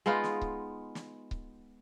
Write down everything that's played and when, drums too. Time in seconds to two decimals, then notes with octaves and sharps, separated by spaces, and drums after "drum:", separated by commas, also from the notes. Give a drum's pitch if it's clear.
0.06 G#3 B3 D#4 F4
0.24 drum: snare
0.42 drum: kick C#1
0.95 drum: snare
1.31 drum: kick C#1